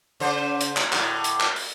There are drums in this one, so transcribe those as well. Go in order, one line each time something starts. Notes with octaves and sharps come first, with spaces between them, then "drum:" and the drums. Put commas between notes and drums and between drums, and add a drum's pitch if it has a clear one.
C#3 C5
drum: hi-hat
drum: clap
A2 D3, drum: clap
drum: hi-hat
drum: clap
drum: open hi-hat